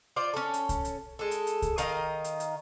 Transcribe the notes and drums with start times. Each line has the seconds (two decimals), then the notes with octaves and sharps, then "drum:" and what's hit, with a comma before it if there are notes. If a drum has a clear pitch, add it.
0.16 F4 C5 D5
0.34 C#4 A4
0.54 drum: hi-hat
0.69 drum: kick C2, hi-hat
0.85 drum: hi-hat
1.19 G#3 A4
1.31 drum: hi-hat
1.47 drum: hi-hat
1.62 drum: kick C2, hi-hat
1.78 D#3 D#5 F5, drum: hi-hat
2.24 drum: hi-hat
2.40 drum: hi-hat